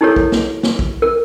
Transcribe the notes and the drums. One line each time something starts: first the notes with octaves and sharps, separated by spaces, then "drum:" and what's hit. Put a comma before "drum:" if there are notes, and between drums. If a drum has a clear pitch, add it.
D#4 E4 G4 A4 A#4 C#5
drum: kick
drum: snare
drum: snare
drum: kick
A#4